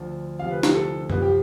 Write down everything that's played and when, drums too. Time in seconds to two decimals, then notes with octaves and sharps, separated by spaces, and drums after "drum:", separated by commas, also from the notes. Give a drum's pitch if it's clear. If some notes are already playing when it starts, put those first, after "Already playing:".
Already playing: D2 D3 F3
0.39 D2 C3 F3 F5
0.51 B4
0.63 G4, drum: snare
0.75 A4
1.10 C2 C3 F3 B4, drum: tom F#2
1.22 G4